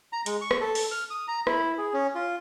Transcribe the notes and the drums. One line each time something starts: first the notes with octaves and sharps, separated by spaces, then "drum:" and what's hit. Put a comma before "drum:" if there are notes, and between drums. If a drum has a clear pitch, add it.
A#5
G#3, drum: hi-hat
C#6
drum: rim click
A4
drum: open hi-hat
F6
D#6
A#5
E4, drum: rim click
G#4
C#4
F4